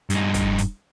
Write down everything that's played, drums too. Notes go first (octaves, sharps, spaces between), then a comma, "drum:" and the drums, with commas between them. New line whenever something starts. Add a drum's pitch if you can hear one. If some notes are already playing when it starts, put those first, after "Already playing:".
G2 D#4, drum: hi-hat
drum: kick, hi-hat
drum: hi-hat